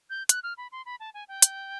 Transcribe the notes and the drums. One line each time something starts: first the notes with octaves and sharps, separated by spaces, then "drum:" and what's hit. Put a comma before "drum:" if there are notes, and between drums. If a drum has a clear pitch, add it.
G6
F#6, drum: hi-hat
F6
B5
C6
B5
A5
G#5
G5
drum: hi-hat